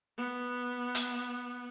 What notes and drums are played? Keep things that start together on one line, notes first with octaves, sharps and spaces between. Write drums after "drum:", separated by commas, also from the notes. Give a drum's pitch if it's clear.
B3
drum: hi-hat